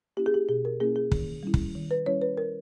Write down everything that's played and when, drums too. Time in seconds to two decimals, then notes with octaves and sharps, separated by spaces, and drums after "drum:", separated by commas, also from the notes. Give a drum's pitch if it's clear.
0.17 A#3 C#4 E4 G4
0.26 G#4
0.34 G4
0.49 B2 G#4
0.65 A#4
0.80 A#3 C#4 E4 G#4
0.96 G#4
1.12 D#3, drum: kick
1.43 G3 C#4 E4
1.54 drum: kick
1.75 D#3
1.91 B4
2.06 G3 C#4 E4 C#5
2.22 B4
2.37 A#4